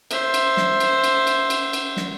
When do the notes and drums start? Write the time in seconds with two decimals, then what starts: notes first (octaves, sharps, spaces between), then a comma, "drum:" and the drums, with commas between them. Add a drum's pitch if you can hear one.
0.11 C5 E5, drum: cymbal
0.34 drum: cymbal
0.57 drum: snare
0.80 drum: cymbal
1.04 drum: cymbal
1.27 drum: cymbal
1.50 drum: cymbal
1.73 drum: cymbal
1.97 drum: snare